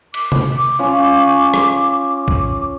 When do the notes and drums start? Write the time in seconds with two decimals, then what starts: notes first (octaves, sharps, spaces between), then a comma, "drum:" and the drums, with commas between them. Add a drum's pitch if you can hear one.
0.14 D6, drum: cymbal
0.32 drum: tom C3
0.79 C#4 F4
1.54 drum: rim click
2.28 drum: kick